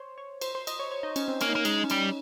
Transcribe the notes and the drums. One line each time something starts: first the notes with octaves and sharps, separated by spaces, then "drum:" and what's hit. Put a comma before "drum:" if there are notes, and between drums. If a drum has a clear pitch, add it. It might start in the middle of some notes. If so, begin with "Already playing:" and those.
Already playing: C5 C#5
C#5
C5, drum: cymbal
C5
D#5, drum: cymbal
C#5
C#5
D#4
C#4, drum: cymbal
C4
A#3 C#4, drum: cymbal
D#4
A#3 C#4
G#3 D#4, drum: cymbal
D#4
C#4
G3 D#4, drum: cymbal